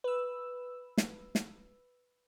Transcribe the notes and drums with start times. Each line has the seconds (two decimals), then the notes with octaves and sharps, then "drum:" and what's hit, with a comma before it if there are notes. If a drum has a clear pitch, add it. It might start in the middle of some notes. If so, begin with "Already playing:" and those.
0.04 B4 E6
0.98 drum: snare
1.35 drum: snare